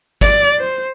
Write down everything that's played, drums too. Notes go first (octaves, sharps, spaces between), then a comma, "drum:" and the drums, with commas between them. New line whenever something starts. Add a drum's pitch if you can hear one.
D5, drum: kick, hi-hat
C5